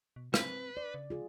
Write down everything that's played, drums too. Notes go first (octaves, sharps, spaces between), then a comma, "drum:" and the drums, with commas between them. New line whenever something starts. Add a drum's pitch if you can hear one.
B2
C4 B4, drum: rim click
D5
C#3
F4 G#4